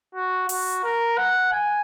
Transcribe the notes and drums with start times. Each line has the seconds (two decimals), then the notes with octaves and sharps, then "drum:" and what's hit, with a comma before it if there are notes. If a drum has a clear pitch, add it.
0.15 F#4
0.49 F#4, drum: open hi-hat
0.84 A#4
1.17 F#5
1.53 G#5